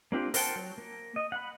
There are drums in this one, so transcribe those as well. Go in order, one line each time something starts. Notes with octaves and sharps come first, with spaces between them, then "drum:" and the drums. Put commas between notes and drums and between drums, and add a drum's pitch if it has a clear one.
A#3 C4 D4 F4 G4
A#4 C5 F#5 G5 A5, drum: open hi-hat
F#3
A#3
D#5
F#5 B5